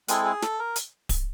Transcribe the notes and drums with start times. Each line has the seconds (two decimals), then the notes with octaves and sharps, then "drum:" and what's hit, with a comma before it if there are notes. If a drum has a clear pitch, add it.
0.08 G#3 C4 E4 G#4 A4, drum: hi-hat
0.25 G#4
0.42 A4, drum: snare
0.59 A#4
0.76 drum: hi-hat
1.09 drum: kick D1, open hi-hat